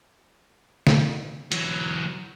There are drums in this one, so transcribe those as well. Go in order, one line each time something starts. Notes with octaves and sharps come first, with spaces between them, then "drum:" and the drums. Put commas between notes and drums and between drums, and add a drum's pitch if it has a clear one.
drum: snare
E3 F#3, drum: hi-hat